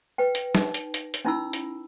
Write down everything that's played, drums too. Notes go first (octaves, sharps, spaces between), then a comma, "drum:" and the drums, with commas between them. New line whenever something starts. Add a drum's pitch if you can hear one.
B4 G5
drum: hi-hat
D#4, drum: snare
drum: hi-hat
drum: hi-hat
drum: hi-hat
C#4 D#4 E4 B5 E6
drum: hi-hat